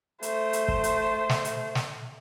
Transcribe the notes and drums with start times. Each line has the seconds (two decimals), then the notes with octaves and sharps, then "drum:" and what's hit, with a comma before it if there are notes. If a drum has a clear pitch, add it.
0.23 A3 C5, drum: hi-hat
0.53 drum: hi-hat
0.68 drum: kick
0.84 drum: hi-hat
1.29 drum: snare
1.45 drum: hi-hat
1.75 drum: snare